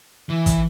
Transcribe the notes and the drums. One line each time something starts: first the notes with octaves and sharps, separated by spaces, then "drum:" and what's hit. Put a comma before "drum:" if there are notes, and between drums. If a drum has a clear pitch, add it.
E3
drum: kick, hi-hat